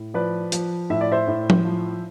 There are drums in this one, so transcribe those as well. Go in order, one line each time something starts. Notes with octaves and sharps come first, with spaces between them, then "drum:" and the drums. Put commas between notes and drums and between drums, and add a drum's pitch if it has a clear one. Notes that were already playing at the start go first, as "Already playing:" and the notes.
Already playing: A2
F3 B4 D5
F3, drum: hi-hat
A2 E5
D5
C5 E5
A2
drum: tom F3
F3